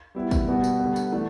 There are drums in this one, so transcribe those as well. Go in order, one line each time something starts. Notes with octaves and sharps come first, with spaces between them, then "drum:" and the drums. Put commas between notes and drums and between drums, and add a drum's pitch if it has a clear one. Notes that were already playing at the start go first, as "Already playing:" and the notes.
G3 B3 E4
drum: kick, tambourine
B2 G3 B3 F#4
drum: tambourine
D3 G3 B3
drum: tambourine
E3 A3 D4